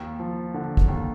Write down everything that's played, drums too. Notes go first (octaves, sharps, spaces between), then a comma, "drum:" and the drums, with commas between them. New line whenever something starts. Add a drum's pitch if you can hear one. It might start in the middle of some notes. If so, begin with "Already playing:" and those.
Already playing: D#2
F3
D3
drum: kick
D#2